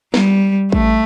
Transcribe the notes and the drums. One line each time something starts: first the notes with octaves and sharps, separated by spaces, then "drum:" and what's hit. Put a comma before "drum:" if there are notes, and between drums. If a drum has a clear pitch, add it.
G3, drum: snare
A3, drum: kick A1